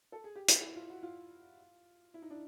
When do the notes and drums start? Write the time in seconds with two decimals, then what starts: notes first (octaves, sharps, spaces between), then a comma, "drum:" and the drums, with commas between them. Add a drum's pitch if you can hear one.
0.12 A4
0.24 G#4
0.36 G4
0.48 F#4, drum: hi-hat
0.62 E4
0.76 F4
0.90 F#4
1.03 F4
2.14 E4
2.22 D#4
2.31 D4